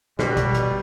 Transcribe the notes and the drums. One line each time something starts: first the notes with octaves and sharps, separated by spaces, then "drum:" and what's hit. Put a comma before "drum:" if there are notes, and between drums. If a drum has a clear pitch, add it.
B2 G3, drum: snare
drum: kick, hi-hat
drum: hi-hat